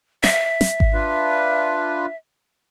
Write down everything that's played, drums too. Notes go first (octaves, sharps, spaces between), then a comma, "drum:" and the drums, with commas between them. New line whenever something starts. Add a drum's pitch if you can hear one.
E5, drum: snare
drum: snare
drum: kick G#1
D4 F4 B4